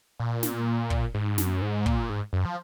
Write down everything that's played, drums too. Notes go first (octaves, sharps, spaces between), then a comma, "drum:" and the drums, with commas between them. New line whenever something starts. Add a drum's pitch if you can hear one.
A#2
drum: snare
drum: kick
G#2
F#2, drum: snare
G#2
A#2, drum: kick
G#2
F#2
F3